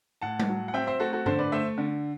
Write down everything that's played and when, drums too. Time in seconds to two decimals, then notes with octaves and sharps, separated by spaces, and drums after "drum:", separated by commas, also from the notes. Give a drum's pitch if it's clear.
0.22 A2 F#5 A5
0.40 drum: tom G3
0.49 F#3
0.68 F#5
0.74 C4 E5 G5
0.87 C5 E5
1.00 A3 F#4 A4
1.13 F#4 A4
1.26 D3 A4 C5, drum: tom G2
1.39 B4 D5
1.52 A3 C5 E5
1.78 D3